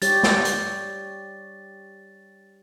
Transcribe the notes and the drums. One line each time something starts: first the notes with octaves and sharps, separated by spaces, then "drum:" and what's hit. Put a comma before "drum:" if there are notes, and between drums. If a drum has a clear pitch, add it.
G3 G4 C#5 A6, drum: hi-hat
drum: snare
drum: hi-hat